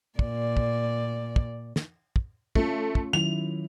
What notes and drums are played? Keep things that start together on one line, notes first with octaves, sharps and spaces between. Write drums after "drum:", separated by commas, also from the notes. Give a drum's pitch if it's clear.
A#2 D5, drum: kick
drum: kick
drum: kick
drum: snare
drum: kick
A3 C#4 F4, drum: kick
drum: kick
D#3 F#3 E4 F7